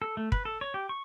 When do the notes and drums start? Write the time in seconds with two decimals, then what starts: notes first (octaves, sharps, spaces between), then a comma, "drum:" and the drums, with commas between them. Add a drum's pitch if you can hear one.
0.02 A4
0.17 A3
0.32 B4, drum: kick
0.45 A4
0.61 C#5
0.74 G4
0.89 C#6